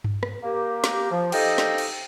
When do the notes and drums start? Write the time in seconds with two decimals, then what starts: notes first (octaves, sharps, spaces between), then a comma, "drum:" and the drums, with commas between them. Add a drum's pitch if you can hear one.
0.04 drum: tom G2
0.23 drum: rim click
0.43 A#3 G4 A#4
0.84 drum: snare
1.11 F3
1.32 D#4 G4 A4 C5 D#5 F5, drum: cymbal
1.58 drum: snare
1.78 drum: cymbal